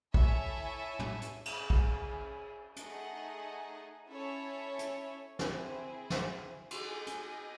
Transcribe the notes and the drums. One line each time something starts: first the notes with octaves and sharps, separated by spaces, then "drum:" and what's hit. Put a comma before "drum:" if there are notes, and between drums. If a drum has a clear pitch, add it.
E4 A4 C#5 E5 G#5, drum: kick
drum: tom
drum: hi-hat
C#4 E4 G#4, drum: cymbal
drum: kick
A3 D#4 G#4 D#5 F#5, drum: hi-hat
C#4 E4 A4 C#5 E5
drum: hi-hat
C4 E4 G#4, drum: snare
drum: snare
G#4 D#5 G#5, drum: cymbal
drum: hi-hat